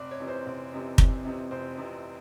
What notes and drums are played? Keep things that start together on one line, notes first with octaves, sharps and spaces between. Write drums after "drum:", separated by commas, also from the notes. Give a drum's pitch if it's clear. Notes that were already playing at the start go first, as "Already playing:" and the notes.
Already playing: F1 D5
C#5
F2 C3 E3
C5
F1
F2 C3 E3
F1, drum: kick
F2 C3 E3
F1 C5
F2 C3 E3